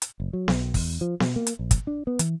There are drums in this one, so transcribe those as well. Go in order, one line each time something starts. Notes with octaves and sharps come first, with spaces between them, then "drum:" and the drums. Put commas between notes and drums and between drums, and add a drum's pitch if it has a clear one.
drum: hi-hat
F#1
F#3
B1, drum: snare B3
E2, drum: kick, open hi-hat
F3
B2, drum: snare B3
A#3
drum: hi-hat
A#1
drum: kick, hi-hat
D4
B3
E3, drum: hi-hat